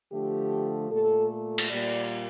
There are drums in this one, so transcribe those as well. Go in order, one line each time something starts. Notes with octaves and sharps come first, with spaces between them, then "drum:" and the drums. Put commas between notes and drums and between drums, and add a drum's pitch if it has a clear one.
D3 F3 A3 G4
A#2 A3 A4
drum: cymbal
A#2 G3 A#3 D5